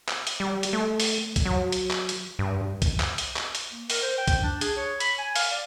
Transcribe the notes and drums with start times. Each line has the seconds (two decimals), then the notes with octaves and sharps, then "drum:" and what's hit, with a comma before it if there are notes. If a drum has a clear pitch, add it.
0.08 drum: clap
0.27 drum: hi-hat
0.40 G3
0.63 drum: hi-hat
0.73 A3
1.00 drum: open hi-hat
1.36 drum: kick C#2, hi-hat
1.46 F#3
1.72 drum: hi-hat
1.91 drum: clap
2.09 drum: hi-hat
2.39 G2
2.82 drum: kick C#2, hi-hat
3.00 drum: clap
3.18 drum: hi-hat
3.36 drum: clap
3.55 drum: hi-hat
3.71 A#3
3.90 A#4, drum: open hi-hat
4.02 C5
4.18 G5
4.27 drum: kick C#2, hi-hat
4.42 D4
4.61 G#4, drum: hi-hat
4.77 C#5
5.00 B5, drum: hi-hat
5.19 G#5
5.36 F5, drum: open hi-hat
5.52 D5